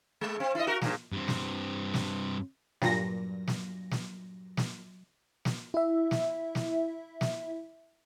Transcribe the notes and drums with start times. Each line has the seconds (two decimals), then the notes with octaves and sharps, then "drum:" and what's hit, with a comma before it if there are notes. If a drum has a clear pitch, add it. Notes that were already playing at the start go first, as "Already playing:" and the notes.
0.21 G#3
0.40 C4
0.55 E4 D#5
0.67 F#4 A#4
0.82 G2 A#2, drum: snare
1.12 G2 C4
1.28 drum: snare
1.94 drum: snare
2.82 G2 A#2 F#3 A#6, drum: snare
3.48 drum: snare
3.91 drum: snare
4.57 drum: snare
5.45 drum: snare
5.74 E4 E5
6.11 drum: snare
6.55 drum: snare
7.21 drum: snare